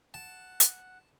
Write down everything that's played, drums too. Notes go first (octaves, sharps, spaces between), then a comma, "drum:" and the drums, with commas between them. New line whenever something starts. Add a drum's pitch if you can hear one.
F#5 A5 F#6
drum: hi-hat